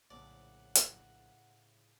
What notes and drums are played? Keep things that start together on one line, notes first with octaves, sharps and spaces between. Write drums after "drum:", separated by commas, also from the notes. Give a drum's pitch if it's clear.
A#1 A2 C#3 D5 F#5
drum: hi-hat